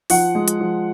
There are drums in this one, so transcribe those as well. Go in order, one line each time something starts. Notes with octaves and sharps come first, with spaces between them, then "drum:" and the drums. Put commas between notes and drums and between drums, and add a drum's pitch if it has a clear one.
F3 F#5, drum: open hi-hat
G#3
drum: hi-hat
F3